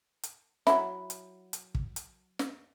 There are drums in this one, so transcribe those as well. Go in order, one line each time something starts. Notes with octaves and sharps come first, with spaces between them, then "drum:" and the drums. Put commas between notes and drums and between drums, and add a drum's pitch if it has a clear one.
drum: hi-hat
F#3 E4, drum: snare
drum: hi-hat
drum: hi-hat
drum: kick
drum: hi-hat
drum: snare